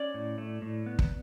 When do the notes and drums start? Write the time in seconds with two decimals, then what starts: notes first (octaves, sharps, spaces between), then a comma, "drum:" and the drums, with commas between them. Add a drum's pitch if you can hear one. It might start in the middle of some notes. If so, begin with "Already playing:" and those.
Already playing: C#4 D5
0.14 A2
0.38 A3
0.62 A2
0.86 B3
0.99 drum: kick